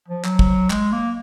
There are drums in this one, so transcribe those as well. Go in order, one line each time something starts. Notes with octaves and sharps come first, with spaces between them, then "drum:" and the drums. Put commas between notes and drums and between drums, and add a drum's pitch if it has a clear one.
F3
F#3, drum: clap
drum: kick
G#3, drum: clap
A#3